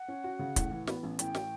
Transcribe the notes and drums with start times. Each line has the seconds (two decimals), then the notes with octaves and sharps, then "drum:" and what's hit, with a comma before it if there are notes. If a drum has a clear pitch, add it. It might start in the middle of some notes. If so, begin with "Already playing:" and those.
Already playing: F#5
0.08 C#4
0.24 F#4
0.39 C#3
0.56 A2, drum: kick, hi-hat
0.71 E3
0.87 B3, drum: snare
1.03 A1
1.19 A2 G5, drum: hi-hat
1.35 E3, drum: snare